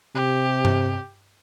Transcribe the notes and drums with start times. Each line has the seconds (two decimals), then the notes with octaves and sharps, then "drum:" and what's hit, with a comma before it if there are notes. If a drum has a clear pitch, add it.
0.15 C3 G4
0.65 drum: tom G2